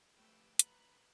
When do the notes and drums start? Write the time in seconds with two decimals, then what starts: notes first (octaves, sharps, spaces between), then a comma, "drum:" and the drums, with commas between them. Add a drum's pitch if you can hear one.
0.14 F3 A3 G4 B4 G5 E6
0.59 B4 A#5 B5 F#6, drum: hi-hat